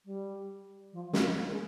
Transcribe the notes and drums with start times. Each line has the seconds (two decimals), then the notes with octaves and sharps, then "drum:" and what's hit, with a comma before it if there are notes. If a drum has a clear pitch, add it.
0.05 G3
0.93 F3
1.13 A3, drum: snare
1.35 A#3
1.50 G#3